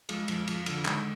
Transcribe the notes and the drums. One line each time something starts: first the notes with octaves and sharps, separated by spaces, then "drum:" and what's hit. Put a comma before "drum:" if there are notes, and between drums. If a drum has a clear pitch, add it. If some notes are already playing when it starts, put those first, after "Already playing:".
F3 G#3, drum: cymbal
F2 F3, drum: cymbal
F2 F3, drum: cymbal
D3 F3, drum: cymbal
D#3 G#3, drum: clap